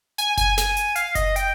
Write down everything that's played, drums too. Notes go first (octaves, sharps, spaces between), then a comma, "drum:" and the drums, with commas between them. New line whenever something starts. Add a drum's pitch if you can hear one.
G#5, drum: hi-hat
G#5, drum: kick F#1, hi-hat
G#5, drum: snare
drum: hi-hat
F5, drum: hi-hat
D#5, drum: kick F#1, hi-hat
G5, drum: hi-hat